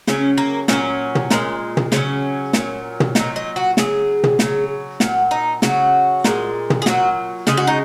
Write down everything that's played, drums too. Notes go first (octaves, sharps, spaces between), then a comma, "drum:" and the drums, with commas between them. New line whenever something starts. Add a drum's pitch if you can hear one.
C#3 F#3 C#4, drum: snare
A#3
A#2 F#3 C#4, drum: snare
drum: tom
A#2 G#3, drum: snare
drum: tom
C#3 F#3 C#4, drum: snare
A#2 F#3, drum: snare
drum: tom
A#2 F#3 D#4, drum: snare
D#4
F#4
C#3 F#3 G#4, drum: snare
drum: tom
C#3 F#3, drum: snare
A#2 F#3 F#4, drum: snare
D#4
C#3 F#3 F#4, drum: snare
A#2 G#3, drum: snare
drum: tom
G#4
A#2 F#3 F#4, drum: snare
C#3 G#3 G#4, drum: snare
F#4
D#4